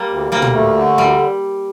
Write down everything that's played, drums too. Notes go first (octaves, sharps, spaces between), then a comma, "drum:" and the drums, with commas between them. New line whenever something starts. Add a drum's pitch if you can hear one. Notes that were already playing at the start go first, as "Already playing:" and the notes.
Already playing: G3 A#3
D2
D2 G3 A#3
drum: tom
A3
D3
D2 G3